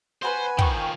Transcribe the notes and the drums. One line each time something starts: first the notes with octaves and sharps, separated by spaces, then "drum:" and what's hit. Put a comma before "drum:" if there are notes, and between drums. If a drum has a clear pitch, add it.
F#4 B4 C5 F#5 G#5
D#3 F3 G5 C#6, drum: kick